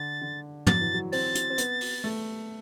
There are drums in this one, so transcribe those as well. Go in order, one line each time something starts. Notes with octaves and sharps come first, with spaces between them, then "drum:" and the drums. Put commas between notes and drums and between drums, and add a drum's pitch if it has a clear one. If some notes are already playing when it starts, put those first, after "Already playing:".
Already playing: D3 A6
D3
F#3 A6, drum: tom
E3
F#3
C4 A6, drum: open hi-hat
drum: hi-hat
C4
B3, drum: hi-hat
drum: open hi-hat
A3